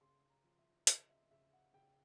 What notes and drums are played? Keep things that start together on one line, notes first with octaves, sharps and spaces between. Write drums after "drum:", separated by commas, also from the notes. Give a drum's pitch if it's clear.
C#3 C6
A#5
F3
E5
C#3 D#5, drum: hi-hat
E5
C#3 E5
F#5
C#3 G5